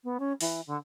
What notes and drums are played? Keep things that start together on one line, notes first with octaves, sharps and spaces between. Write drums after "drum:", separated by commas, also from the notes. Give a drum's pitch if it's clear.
B3
C#4
E3, drum: open hi-hat
D3